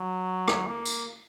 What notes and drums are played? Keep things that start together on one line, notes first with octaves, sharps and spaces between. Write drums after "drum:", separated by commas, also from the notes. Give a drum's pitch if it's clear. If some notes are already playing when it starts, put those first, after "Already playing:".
Already playing: F#3
drum: rim click
A#3
drum: tambourine